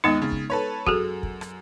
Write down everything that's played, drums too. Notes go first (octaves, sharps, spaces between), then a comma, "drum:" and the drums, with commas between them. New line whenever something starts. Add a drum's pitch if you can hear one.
D#2 G#3 B3 D#4 D#5 A6
C#3
drum: kick
A4 B4 C#5
F#2 F#4 G#4 A4, drum: kick
drum: kick
drum: rim click